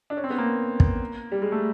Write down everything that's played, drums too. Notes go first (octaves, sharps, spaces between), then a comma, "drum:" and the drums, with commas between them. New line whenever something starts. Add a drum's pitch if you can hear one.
D4
C#4
C4
B3
A#3
drum: kick
G3
G#3
A3